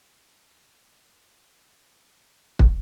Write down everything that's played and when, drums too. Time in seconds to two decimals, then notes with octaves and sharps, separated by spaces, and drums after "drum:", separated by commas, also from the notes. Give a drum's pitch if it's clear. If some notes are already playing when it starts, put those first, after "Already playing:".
0.09 D4 D6
0.25 D5
0.31 E6
0.41 G4
0.51 D6
0.56 D4
0.72 G4 D6
0.88 D5
1.03 D4
1.19 D4
1.34 G4
2.59 drum: kick